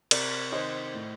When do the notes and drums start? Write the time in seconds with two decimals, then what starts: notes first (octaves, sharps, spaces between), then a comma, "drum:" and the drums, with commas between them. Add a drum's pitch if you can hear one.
0.11 C3 A#4 D5, drum: cymbal
0.52 D#3 C5 D#5
0.94 A2